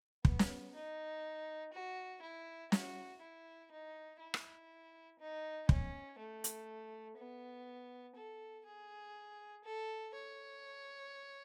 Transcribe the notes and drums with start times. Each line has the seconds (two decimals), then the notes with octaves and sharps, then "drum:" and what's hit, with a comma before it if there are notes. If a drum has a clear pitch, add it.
0.25 B3, drum: kick
0.39 drum: snare
0.74 D#4
1.73 F#4
2.22 E4
2.72 F#4, drum: snare
3.22 E4
3.72 D#4
4.20 E4
4.34 drum: rim click
5.19 D#4
5.69 C#4, drum: kick
6.18 A3
6.44 drum: hi-hat
7.17 B3
8.16 A4
8.66 G#4
9.64 A4
10.15 C#5